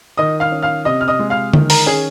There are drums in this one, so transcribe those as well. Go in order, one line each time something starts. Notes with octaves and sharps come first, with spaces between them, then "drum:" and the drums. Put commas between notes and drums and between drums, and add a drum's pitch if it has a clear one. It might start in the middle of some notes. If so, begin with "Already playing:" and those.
D#3 D#5 D#6
F5 F6
C#4
F5 F6
C3 D#5 D#6
F6
D#5 D#6
G#3
F5 F6
D#3, drum: tom D3
A#4 A#5, drum: open hi-hat
C#4 G#4 G#5